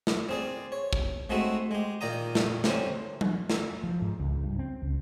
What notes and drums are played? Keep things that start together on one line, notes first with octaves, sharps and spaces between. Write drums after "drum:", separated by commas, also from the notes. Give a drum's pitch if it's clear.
drum: snare
C4 G#4 D5
C#5
drum: kick
G#3 A3 C4 D#4 F#4 A4
G#3 G4
A#2 D#3 D5 G5 A#5 D#6
drum: snare
D3 G3 C4 C#4, drum: snare
drum: tom F#3
drum: snare
F3
G#2
C#2
G2
C4
C#2